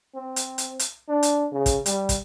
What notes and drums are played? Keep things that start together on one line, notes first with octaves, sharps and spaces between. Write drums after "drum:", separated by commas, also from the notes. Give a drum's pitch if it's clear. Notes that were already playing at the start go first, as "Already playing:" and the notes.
C4
drum: hi-hat
drum: hi-hat
drum: hi-hat
D4
drum: hi-hat
C#3
drum: kick, hi-hat
G3, drum: hi-hat
drum: kick, hi-hat